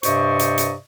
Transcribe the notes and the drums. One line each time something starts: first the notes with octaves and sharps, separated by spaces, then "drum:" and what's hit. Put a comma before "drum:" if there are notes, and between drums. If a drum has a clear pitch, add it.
G2 C3 C5 D5 D#5 C#6, drum: hi-hat
drum: hi-hat
drum: hi-hat